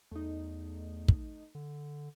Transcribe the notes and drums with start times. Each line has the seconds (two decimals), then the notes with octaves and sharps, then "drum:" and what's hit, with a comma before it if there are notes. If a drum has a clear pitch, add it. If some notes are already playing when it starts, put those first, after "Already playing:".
0.11 E2 A3 D#4
1.08 drum: kick
1.55 D3